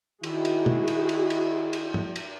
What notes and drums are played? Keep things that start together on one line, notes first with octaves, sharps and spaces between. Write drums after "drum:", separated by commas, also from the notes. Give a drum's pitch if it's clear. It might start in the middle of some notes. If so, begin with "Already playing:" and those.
D#3 E4 F#4 G#4, drum: cymbal
drum: cymbal
drum: tom
drum: cymbal
drum: cymbal
drum: cymbal
drum: cymbal
drum: tom
drum: cymbal